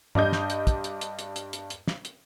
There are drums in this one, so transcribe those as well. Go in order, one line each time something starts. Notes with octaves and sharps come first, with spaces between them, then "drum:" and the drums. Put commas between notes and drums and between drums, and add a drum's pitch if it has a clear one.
G2 D4 D#5 G6, drum: tom
drum: snare
drum: hi-hat
drum: kick, hi-hat
drum: hi-hat
drum: hi-hat
drum: hi-hat
drum: hi-hat
drum: hi-hat
drum: hi-hat
drum: snare
drum: hi-hat